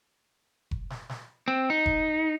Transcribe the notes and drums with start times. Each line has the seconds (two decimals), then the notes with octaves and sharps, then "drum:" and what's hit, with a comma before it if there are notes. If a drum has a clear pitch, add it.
0.71 drum: kick F1
0.90 drum: snare
1.09 drum: snare
1.48 C4
1.70 D#4
1.86 drum: kick F1